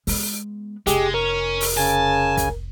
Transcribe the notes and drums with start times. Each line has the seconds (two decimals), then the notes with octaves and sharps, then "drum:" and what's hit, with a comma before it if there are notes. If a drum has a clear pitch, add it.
0.07 G#3 B3, drum: open hi-hat
0.87 F1 G#3 G4 G#4, drum: hi-hat
1.14 C#4 A#4
1.61 drum: open hi-hat
1.77 C#3 G#5 A5
2.37 drum: kick, hi-hat